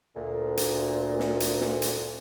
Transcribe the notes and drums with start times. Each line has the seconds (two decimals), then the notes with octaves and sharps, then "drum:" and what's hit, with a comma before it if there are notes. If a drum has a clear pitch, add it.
0.16 D2 A#2
0.57 drum: hi-hat
1.20 drum: snare
1.40 drum: hi-hat
1.61 drum: snare
1.82 drum: hi-hat